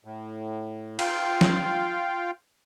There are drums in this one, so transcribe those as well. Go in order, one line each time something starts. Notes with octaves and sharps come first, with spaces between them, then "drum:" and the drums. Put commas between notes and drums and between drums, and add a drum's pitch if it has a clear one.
A2
F4 F5 G5, drum: cymbal
drum: snare